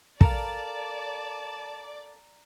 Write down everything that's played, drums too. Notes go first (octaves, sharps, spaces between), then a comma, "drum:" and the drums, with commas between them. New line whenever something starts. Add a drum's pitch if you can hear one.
A4 A#4 D5 F5 A5 A#5, drum: kick